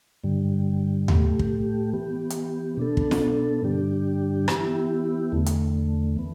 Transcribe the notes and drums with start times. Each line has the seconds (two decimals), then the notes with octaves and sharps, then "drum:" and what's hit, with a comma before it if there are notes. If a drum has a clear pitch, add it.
0.24 G2 D3 G3
1.08 A2 A3 G4, drum: tom D#2
1.39 drum: kick
1.93 E3 B3 G4
2.30 drum: hi-hat
2.77 B2 B3 D4 A4
2.97 drum: kick
3.11 drum: snare
3.62 G2 D3 G3 D4 G4
4.48 E3 B3 E4 G4, drum: rim click
5.32 E2 D3 A3
5.46 drum: hi-hat
6.17 E3 B3